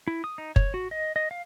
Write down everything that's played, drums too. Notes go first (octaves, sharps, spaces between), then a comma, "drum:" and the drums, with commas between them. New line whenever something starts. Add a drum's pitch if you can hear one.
E4
D#6
D#4
C#5, drum: kick F#1
F#4
D#5
D#5
F5